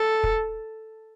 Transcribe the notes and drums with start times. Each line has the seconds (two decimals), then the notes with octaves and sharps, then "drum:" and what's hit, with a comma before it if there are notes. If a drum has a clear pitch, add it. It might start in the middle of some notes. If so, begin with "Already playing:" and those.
Already playing: A4
0.24 drum: kick